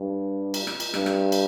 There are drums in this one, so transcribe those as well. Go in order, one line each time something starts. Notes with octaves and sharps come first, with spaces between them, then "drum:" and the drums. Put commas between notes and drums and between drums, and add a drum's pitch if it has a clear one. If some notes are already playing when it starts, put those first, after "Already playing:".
Already playing: G2
drum: cymbal
drum: rim click
drum: cymbal
G2, drum: rim click
drum: rim click
drum: cymbal